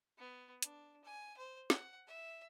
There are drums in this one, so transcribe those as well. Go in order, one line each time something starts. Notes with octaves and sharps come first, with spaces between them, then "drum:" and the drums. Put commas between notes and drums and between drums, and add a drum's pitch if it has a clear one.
B3
D4, drum: hi-hat
G#5
C5
F#5, drum: snare
E5